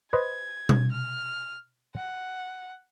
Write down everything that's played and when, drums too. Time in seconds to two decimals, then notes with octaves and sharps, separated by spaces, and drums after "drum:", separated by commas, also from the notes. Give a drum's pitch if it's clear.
0.13 B4 C5 D#5 G#6
0.69 drum: tom B2
0.91 F6
1.95 F#5